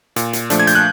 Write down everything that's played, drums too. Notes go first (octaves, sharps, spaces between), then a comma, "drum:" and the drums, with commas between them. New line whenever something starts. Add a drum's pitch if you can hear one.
A#2, drum: hi-hat
drum: hi-hat
F3 A3 D4, drum: hi-hat
G#6
G6, drum: hi-hat
F#6